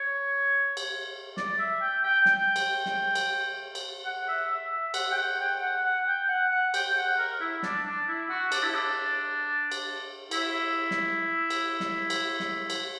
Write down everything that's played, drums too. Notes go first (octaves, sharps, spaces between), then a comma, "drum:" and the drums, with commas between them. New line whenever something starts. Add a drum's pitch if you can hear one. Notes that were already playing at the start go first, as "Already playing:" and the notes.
Already playing: C#5
drum: cymbal
D5, drum: snare
E5
G5
G5
G5, drum: snare
drum: cymbal
drum: snare
drum: cymbal
drum: cymbal
F#5
E5
E5
E5
F#5, drum: cymbal
G5
F#5
G5
F#5
F#5
G5
F#5
F#5
G5, drum: cymbal
F#5
A#4
E4
D4, drum: snare
D4
E4
F#4
D4, drum: cymbal
E4
D4
drum: cymbal
E4, drum: cymbal
drum: snare
drum: cymbal
drum: snare
drum: cymbal
drum: snare
drum: cymbal